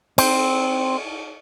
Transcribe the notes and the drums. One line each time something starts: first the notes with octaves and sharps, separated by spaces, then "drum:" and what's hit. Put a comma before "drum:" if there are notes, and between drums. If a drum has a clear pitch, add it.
C4, drum: cymbal